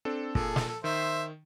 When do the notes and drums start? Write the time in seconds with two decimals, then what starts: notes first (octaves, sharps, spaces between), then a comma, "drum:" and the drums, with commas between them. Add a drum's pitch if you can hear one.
0.05 C4 D4 A4
0.35 A#2 G#4 A4, drum: kick
0.56 drum: snare
0.68 A4
0.84 D#3 C5 E5